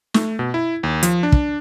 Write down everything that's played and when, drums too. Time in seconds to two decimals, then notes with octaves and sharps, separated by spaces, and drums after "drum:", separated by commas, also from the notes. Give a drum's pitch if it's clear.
0.14 A3, drum: snare
0.39 B2
0.54 E4
0.83 D#2
1.03 F3, drum: hi-hat
1.23 D4
1.32 drum: kick